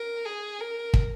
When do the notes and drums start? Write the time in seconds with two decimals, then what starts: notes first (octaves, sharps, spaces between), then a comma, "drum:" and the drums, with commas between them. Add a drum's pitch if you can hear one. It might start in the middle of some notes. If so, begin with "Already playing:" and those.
Already playing: A#4
0.25 G#4
0.61 A#4
0.94 drum: kick